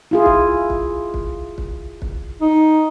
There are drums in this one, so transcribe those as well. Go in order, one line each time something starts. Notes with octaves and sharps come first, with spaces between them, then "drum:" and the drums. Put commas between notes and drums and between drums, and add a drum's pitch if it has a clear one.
E4 F4 G#4
drum: kick
drum: kick
drum: kick
drum: kick
drum: kick
D#4